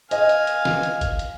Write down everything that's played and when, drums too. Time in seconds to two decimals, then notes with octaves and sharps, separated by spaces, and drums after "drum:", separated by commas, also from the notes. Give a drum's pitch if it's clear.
0.11 D#5 F5 G#5, drum: hi-hat
0.29 drum: hi-hat
0.47 drum: hi-hat
0.65 drum: snare
0.83 drum: hi-hat
1.01 drum: kick G#1, hi-hat
1.19 drum: hi-hat